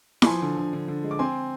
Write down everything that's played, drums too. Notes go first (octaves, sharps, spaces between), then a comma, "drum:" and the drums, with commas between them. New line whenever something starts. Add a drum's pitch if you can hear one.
B5, drum: snare E4
F3 G#5 C6
D3
D3
D3
D3
G#3
D6
C4 G#5 C6